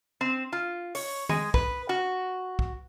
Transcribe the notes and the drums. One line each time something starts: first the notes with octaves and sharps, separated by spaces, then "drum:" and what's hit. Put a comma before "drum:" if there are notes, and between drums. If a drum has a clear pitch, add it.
C4
F4
C#5, drum: open hi-hat
G#3, drum: tom
B4, drum: kick
F#4
drum: kick